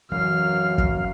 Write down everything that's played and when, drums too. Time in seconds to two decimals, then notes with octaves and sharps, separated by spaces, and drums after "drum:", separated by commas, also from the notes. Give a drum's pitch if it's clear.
0.12 F#2 E3 F#3 F5 F6
0.78 drum: kick